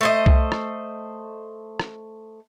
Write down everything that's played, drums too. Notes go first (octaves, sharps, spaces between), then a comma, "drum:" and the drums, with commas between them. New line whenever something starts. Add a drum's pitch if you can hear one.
A3 C5 D#5
drum: kick C2
drum: rim click
drum: rim click